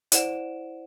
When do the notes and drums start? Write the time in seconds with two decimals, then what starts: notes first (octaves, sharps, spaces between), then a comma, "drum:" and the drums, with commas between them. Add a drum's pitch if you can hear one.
0.12 E4 C5 D5 F#5 D7 E7, drum: hi-hat